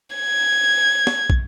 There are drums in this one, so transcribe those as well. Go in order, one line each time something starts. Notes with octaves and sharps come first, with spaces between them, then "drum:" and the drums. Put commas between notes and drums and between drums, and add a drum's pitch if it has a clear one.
G#6
drum: snare
drum: kick